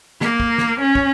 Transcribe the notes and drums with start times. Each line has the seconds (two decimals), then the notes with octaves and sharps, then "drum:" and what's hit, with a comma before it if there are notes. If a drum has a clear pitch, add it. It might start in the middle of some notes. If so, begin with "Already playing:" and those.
0.21 A#3, drum: snare
0.40 drum: kick
0.58 drum: snare
0.82 C#4
0.95 drum: kick